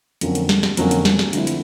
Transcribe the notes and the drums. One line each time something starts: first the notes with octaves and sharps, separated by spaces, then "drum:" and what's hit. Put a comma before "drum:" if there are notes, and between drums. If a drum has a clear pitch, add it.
F2 D3 F#3 A#3 C#4, drum: hi-hat
drum: hi-hat
drum: snare
drum: snare
F2 D3 F#3 A#3 C#4, drum: hi-hat
drum: hi-hat
drum: snare
drum: snare
D3 F3 A3 C4 E4, drum: hi-hat
drum: hi-hat